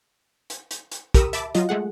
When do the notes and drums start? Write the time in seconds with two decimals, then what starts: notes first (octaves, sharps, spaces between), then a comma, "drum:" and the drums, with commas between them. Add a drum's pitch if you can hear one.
0.50 drum: hi-hat
0.71 drum: hi-hat
0.92 drum: hi-hat
1.14 G4 A#4 B5 C#6 D#6 E6, drum: kick, hi-hat
1.33 E5 A5 B5 D6, drum: hi-hat
1.55 F#3 F4 D#5, drum: hi-hat
1.69 G#3 A3 G#4 F#5